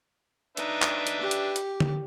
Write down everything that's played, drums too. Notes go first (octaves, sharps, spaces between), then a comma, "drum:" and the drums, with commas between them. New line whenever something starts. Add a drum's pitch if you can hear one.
D4 D#4 B4 E5, drum: hi-hat
drum: clap
drum: hi-hat
G4
drum: hi-hat
drum: hi-hat
drum: tom D3